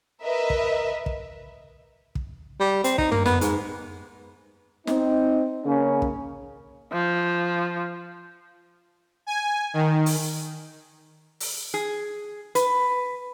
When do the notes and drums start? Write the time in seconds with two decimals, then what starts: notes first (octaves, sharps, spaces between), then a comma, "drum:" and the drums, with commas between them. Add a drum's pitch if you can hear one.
0.22 A#4 B4 D#5 E5
0.50 drum: kick
1.06 drum: kick
2.15 drum: kick
2.60 G3
2.84 C4, drum: hi-hat
2.98 D#4, drum: kick
3.11 A#3, drum: tom
3.26 B3, drum: snare
3.41 G#2, drum: hi-hat
4.87 C4 D#4, drum: snare
5.65 C#3 A#3 C#4
6.02 drum: kick
6.92 F3
9.27 G#5
9.74 D#3
10.06 drum: open hi-hat
11.40 drum: open hi-hat
11.74 G#4
12.55 B4, drum: hi-hat